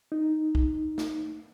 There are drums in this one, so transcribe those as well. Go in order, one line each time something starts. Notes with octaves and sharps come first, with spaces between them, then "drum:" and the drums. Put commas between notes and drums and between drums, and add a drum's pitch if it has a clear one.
D#4
drum: kick
drum: snare